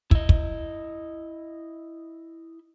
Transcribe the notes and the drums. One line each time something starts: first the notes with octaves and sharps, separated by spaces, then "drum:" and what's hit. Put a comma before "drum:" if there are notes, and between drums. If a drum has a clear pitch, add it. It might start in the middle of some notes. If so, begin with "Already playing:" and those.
E4 D#5, drum: kick
drum: kick